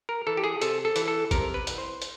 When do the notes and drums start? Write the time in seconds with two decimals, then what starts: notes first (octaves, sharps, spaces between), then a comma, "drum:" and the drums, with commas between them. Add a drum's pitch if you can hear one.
0.09 A#4
0.27 E3 A4
0.37 G4
0.44 G#4
0.61 C3 A4, drum: hi-hat
0.85 A4
0.96 E3, drum: hi-hat
1.08 A4
1.31 C3 A#4, drum: kick, hi-hat
1.54 B4
1.67 E3, drum: hi-hat
1.78 C5
2.02 drum: hi-hat